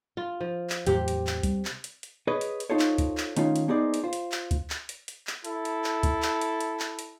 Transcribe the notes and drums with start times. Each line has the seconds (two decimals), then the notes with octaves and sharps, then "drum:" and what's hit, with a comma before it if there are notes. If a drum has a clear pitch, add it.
0.17 F4
0.41 F3
0.70 drum: clap
0.87 E2 A2 C3 F#3 G4, drum: hi-hat
1.08 drum: hi-hat
1.27 drum: clap
1.43 G3, drum: kick C#2, hi-hat
1.65 drum: clap
1.84 drum: hi-hat
2.03 drum: hi-hat
2.27 G#4 B4 C#5 D#5
2.41 drum: hi-hat
2.60 drum: hi-hat
2.70 D#4 F4 A4 C5 C#5
2.79 drum: clap
2.98 drum: kick C#2, hi-hat
3.17 drum: clap
3.37 D#3 A3 C#4 D#4 F4, drum: hi-hat
3.56 drum: hi-hat
3.68 A#3 B3 D#4 G#4 C5 D5
3.94 drum: hi-hat
4.04 F4 C5
4.13 drum: hi-hat
4.32 drum: clap
4.51 drum: kick C#2, hi-hat
4.70 drum: clap
4.89 drum: hi-hat
5.08 drum: hi-hat
5.27 drum: clap
5.45 E4 A4, drum: hi-hat
5.65 drum: hi-hat
5.84 drum: clap
6.03 drum: kick C#2, hi-hat
6.22 drum: clap
6.41 drum: hi-hat
6.61 drum: hi-hat
6.80 drum: clap
6.99 drum: hi-hat